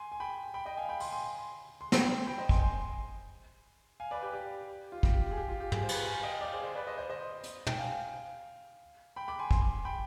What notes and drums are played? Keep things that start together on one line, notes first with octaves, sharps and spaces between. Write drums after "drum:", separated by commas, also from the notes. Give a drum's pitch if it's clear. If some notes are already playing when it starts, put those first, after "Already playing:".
Already playing: G#5 C6
G#5
G5 B5
G5 B5
D#5 G5
F5 G#5
G5 B5
G#5 C6, drum: open hi-hat
G#5 C6
C6
G5 B5, drum: snare
G5 B5
C5 D#5
G#5 C6, drum: kick
G#5 C6
F5 G#5
B4 D5
G4 B4
G4
F4
G4, drum: kick
G4
G#4
G4
F4
G4
F4 G#4, drum: tom
C5
G4 B4, drum: cymbal
F5 G#5
D#5 G5
D5 F5
G#4 C5
G#4 C5
B4 D5
C5 D#5
C5 D#5
C5 D#5
drum: hi-hat
G5, drum: tom
F5 G#5
G5 B5
B5 D6
G#5 C6
G#5 C6, drum: kick
G5 B5